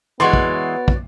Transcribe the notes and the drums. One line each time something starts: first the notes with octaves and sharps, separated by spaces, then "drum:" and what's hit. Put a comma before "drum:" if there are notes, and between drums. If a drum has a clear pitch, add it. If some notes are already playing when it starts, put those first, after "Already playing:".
E3 G#3 B3 F#4 C#5 D5 C6
drum: kick
drum: kick